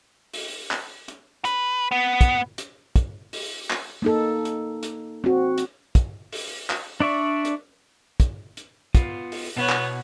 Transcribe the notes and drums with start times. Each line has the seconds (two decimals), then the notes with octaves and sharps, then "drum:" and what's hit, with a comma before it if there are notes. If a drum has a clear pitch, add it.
0.33 drum: open hi-hat
0.71 drum: clap
1.08 drum: hi-hat
1.45 B4, drum: hi-hat
1.91 B3
2.21 drum: kick, hi-hat
2.58 drum: hi-hat
2.96 drum: kick, hi-hat
3.33 drum: open hi-hat
3.70 drum: clap
4.02 A#3 D#4 A4
4.45 drum: hi-hat
4.83 drum: hi-hat
5.24 C4 F#4
5.58 drum: hi-hat
5.95 drum: kick, hi-hat
6.33 drum: open hi-hat
6.70 drum: clap
7.00 D4 D5 E5 C#6
7.45 drum: hi-hat
8.20 drum: kick, hi-hat
8.57 drum: hi-hat
8.95 B3 F4, drum: kick, hi-hat
9.32 drum: open hi-hat
9.56 B2 B3 E4 C#5 F#5
9.69 drum: clap